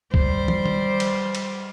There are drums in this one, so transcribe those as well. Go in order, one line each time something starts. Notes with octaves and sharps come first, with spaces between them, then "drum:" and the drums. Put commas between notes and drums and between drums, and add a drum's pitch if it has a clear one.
G3 C5, drum: kick
drum: tom
drum: tom D#3
drum: cymbal
drum: cymbal